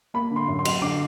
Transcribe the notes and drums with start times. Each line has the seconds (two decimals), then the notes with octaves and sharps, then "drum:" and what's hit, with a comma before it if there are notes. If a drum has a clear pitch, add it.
0.14 A#3 B5
0.31 D3
0.36 C6
0.48 F#2
0.59 C6
0.65 F#3, drum: cymbal
0.82 D3 D6